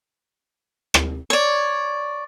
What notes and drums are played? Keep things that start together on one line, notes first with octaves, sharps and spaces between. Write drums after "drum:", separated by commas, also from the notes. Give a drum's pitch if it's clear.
drum: rim click
C#5 D5